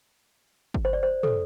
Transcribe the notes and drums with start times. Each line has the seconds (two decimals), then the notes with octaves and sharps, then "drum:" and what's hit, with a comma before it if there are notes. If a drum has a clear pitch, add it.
0.74 drum: kick G1
0.85 C5
0.93 D5
1.03 C5
1.23 A4, drum: tom